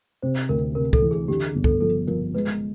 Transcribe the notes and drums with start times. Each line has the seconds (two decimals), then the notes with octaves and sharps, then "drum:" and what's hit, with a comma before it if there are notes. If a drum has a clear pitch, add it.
0.23 C3 C5
0.49 D2 A#4
0.75 C3 A#4
0.93 A4, drum: kick
1.02 E3
1.11 G#4
1.28 D3 G4
1.47 G#4
1.55 G1
1.64 A4, drum: kick
1.81 F3 A4
2.07 F3 A#4
2.34 G#3 B4